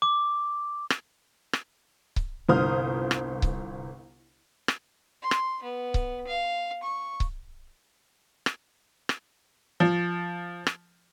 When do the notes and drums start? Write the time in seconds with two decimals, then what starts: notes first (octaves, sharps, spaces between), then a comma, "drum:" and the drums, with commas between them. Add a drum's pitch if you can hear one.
0.02 D6
0.90 drum: rim click
1.53 drum: rim click
2.16 drum: kick C#1
2.49 G1 C2 C5 D#6 F6
3.11 drum: rim click
3.42 drum: kick C#1
4.68 drum: rim click
5.22 C6
5.31 drum: rim click
5.63 B3
5.94 drum: kick C#1
6.27 F5
6.83 C#6
7.20 drum: kick C#1
8.46 drum: rim click
9.09 drum: rim click
9.80 F3
10.67 drum: rim click